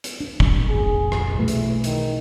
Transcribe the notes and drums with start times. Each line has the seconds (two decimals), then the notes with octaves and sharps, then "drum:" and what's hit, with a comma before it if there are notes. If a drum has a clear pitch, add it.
0.04 drum: hi-hat
0.20 D4
0.40 drum: kick
0.70 F1 A#1 G#4
1.12 drum: rim click
1.37 B1 E3 A3
1.48 drum: hi-hat
1.84 D#3, drum: hi-hat